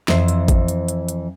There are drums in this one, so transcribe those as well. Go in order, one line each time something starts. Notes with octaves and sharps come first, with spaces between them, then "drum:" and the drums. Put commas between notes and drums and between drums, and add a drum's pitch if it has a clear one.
F2 E3 C5, drum: snare
drum: hi-hat
drum: kick A1, hi-hat
drum: hi-hat
drum: hi-hat
drum: hi-hat